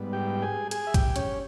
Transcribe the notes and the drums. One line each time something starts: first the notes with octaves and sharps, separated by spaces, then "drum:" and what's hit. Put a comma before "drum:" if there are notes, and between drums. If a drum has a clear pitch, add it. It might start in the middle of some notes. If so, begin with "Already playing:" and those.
Already playing: G#2 G3 B3
G4 G5
G#4 G#5
G#4 G#5, drum: hi-hat
E5
G4 G5, drum: kick, hi-hat
C#4 C#5, drum: hi-hat